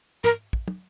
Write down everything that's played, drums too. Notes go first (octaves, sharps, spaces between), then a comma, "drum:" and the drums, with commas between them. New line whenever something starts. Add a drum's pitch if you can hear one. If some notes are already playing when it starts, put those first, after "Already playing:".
A#4, drum: tom
drum: kick
drum: tom